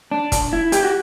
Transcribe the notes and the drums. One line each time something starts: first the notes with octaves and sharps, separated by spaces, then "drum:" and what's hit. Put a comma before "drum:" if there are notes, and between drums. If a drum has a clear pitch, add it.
D4
drum: kick, hi-hat
E4
G4, drum: hi-hat
F#4